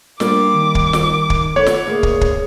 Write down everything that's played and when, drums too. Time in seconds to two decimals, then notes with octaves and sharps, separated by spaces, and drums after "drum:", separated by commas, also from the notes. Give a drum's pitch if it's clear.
0.20 G3 A#3 D4 D6, drum: snare
0.53 D#3
0.75 drum: kick
0.93 drum: snare
1.30 drum: kick
1.56 B3 A4 C#5
1.66 drum: snare
1.87 D2 A#3 G#4
2.03 drum: kick
2.21 drum: kick